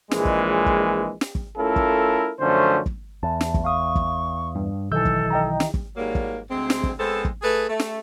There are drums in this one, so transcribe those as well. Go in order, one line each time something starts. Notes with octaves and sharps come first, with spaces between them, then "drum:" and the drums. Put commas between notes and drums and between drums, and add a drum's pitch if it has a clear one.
A#1 A#2 E3 G#3, drum: snare
drum: kick
drum: kick
drum: snare
drum: kick
A3 C#4 E4 F4 A4 A#4
drum: kick
F#2 D3 F3 A3 C#4 C5
drum: kick
E2 A5
drum: snare
drum: kick
F5 C#6 D#6
drum: kick
G2
B1 D#3 E3 A4 E6 G6
drum: kick
D#5 G5 A#5
drum: snare
drum: kick
G#2 F#3 G3 A#3
drum: kick
D2 G#3 C4
drum: snare
drum: kick
G#3 B3 C4 A4 C5
drum: kick
A3 G#4 A4 B4
A3
drum: snare